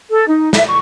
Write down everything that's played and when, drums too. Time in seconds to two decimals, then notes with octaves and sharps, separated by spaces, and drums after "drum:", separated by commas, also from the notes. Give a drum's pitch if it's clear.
0.10 A4
0.27 D#4
0.53 E5, drum: snare
0.68 C#6